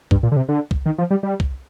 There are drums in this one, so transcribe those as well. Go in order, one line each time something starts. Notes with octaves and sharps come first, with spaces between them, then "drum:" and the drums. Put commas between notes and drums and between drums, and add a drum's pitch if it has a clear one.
G2, drum: kick C2
A#2
D3
C3
D3
drum: kick C2
D#3
F3
G3
G3
drum: kick C2